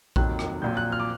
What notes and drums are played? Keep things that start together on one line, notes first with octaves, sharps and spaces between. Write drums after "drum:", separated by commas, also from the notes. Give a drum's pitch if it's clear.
F1 D#2 D#3 F#3 F#6, drum: kick A#1
drum: rim click
A#1 A#2 F#3 G6
F#6
F6
D6